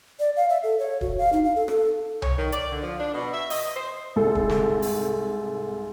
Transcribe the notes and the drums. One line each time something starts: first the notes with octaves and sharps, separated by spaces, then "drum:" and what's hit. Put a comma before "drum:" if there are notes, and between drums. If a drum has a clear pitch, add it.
D5
F5
E5
A4
C#5
F#4, drum: kick
F5
D#4
F5
A4
A4, drum: rim click
C#5, drum: tom C2
D#3
D5, drum: hi-hat
D3
F3
D4
B2
E5
D#5, drum: open hi-hat
C5
C2 G#2 A4
drum: kick
drum: snare
drum: open hi-hat